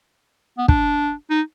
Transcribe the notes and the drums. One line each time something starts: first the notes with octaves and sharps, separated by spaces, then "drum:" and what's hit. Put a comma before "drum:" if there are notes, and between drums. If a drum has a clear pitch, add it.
B3
D4, drum: kick
D#4